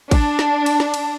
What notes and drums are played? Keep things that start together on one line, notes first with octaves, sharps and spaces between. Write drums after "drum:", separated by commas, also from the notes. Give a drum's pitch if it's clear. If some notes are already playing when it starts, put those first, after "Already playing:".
D4, drum: kick, cymbal
drum: snare
drum: cymbal
drum: snare
drum: cymbal